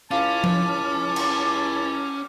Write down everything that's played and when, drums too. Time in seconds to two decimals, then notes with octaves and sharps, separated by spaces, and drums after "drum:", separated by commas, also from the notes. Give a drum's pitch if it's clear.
0.11 C#2 C#4 E4 F4 A5 D6
0.44 drum: tom F3
1.16 drum: cymbal